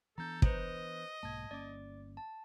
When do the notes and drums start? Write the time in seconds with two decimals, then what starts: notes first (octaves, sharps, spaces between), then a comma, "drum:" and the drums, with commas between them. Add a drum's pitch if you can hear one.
0.18 E3 B3 D4 A4 A#5 G6
0.42 B4 C5 D#5, drum: kick
1.23 B1 G#2 A#3 A5 G#6
1.51 G1 A#3 C#4 D5 D6
2.17 A5